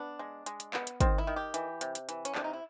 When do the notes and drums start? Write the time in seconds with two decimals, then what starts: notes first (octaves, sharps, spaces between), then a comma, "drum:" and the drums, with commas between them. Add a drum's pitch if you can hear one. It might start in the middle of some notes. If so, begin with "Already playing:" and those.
Already playing: B3 D4
0.19 G#3
0.46 G#3, drum: hi-hat
0.60 drum: hi-hat
0.74 B3, drum: clap
0.87 drum: hi-hat
1.00 D#3 C4, drum: kick, hi-hat
1.18 E4
1.27 D#3
1.36 G4
1.54 E3, drum: hi-hat
1.81 C3, drum: hi-hat
1.95 drum: hi-hat
2.09 E3, drum: hi-hat
2.25 C#4, drum: hi-hat
2.35 C3 D4, drum: clap
2.44 D#4
2.53 E4